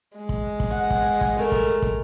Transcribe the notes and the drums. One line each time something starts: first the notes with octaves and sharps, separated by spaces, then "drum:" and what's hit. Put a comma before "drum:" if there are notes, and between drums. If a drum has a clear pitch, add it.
G#3
drum: kick
drum: kick
F#5
drum: kick
drum: kick
A3 A#4
drum: kick
drum: kick